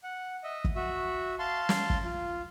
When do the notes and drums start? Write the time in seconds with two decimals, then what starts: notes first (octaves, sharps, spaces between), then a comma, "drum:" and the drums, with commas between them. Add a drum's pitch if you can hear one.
0.03 F#5
0.44 D#5 E5
0.64 drum: kick
0.76 F#4 E5
1.39 F5 A5 C6
1.69 drum: snare
1.90 drum: kick
2.04 F4